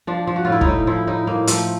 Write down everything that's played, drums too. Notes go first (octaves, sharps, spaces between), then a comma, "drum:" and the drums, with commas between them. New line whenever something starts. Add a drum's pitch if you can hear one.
F3 D4
F3
F#4
A2 F4
E4
D#4, drum: kick
A2
F3 E4
A2 D#4
A2 A#3
F3 A3, drum: hi-hat